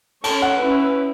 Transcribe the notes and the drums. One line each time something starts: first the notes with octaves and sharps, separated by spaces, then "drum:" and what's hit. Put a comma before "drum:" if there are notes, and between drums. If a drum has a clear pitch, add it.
C#4 A4 C#5 A5, drum: cymbal
F#5
C#4 E4 B4